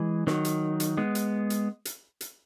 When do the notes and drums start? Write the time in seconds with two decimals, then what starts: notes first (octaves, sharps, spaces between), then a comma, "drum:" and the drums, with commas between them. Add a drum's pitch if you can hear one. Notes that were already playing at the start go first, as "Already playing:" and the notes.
Already playing: E3 G#3
0.27 D#3 F#3, drum: snare
0.45 drum: hi-hat
0.80 drum: hi-hat
0.97 G#3 B3
1.15 drum: hi-hat
1.50 drum: hi-hat
1.85 drum: hi-hat
2.21 drum: hi-hat